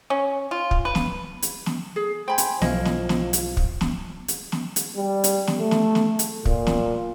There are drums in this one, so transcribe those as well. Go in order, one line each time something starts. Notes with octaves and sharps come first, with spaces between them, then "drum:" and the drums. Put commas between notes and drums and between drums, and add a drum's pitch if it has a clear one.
C#4
F4
drum: kick
B4
drum: snare
drum: hi-hat
drum: snare
G#4
C5 G5 G#5 B5
drum: hi-hat
B1 F3 E4 D#5 F5, drum: snare
drum: snare
drum: snare
drum: hi-hat
drum: kick
drum: snare
drum: hi-hat
drum: snare
drum: hi-hat
G3
drum: hi-hat
drum: snare
A3
drum: snare
drum: snare
drum: hi-hat
A#2, drum: kick
drum: snare